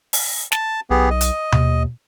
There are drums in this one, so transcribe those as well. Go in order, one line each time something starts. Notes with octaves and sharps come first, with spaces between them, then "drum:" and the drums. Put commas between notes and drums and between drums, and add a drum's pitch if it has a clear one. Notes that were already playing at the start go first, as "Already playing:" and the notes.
drum: open hi-hat
A5, drum: snare
B1 B3 G4 G#4
D#5
drum: hi-hat
D#2, drum: tom B2